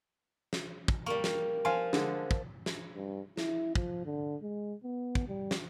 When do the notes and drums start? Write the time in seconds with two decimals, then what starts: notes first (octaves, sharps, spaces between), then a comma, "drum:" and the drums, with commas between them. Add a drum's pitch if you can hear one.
0.53 drum: snare
0.88 drum: kick
1.06 G3 A#3 C#6
1.24 drum: snare
1.65 F3 F5 G#5 C6
1.93 D3 G#3, drum: snare
2.31 drum: kick
2.66 drum: snare
2.95 G2
3.37 E4, drum: snare
3.75 F3, drum: kick
4.05 D3
4.42 G#3
4.84 B3
5.15 drum: kick
5.28 G3
5.51 drum: snare